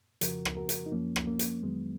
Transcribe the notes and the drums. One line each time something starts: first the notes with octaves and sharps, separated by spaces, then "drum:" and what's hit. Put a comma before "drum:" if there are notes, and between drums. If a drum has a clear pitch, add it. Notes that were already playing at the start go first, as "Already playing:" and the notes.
F2 C#3 F3 F#4 A#4, drum: hi-hat
drum: rim click
F#4 A#4
drum: hi-hat
D#4
F#2 F3 A#3 C#4
drum: rim click
A#3 C#4
drum: hi-hat
F2 D#3 F#3 G#3 B3